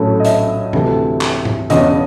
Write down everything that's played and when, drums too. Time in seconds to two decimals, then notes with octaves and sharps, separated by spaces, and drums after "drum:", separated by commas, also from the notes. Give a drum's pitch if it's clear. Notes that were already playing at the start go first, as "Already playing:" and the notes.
Already playing: A#1 A2 F#3 A3 C#4
0.20 D#5
0.25 E5, drum: hi-hat
0.73 D2 C3 E3 A3, drum: tom G#2
1.21 drum: clap
1.45 drum: tom G#2
1.70 E1 E2 C#3 D#5, drum: hi-hat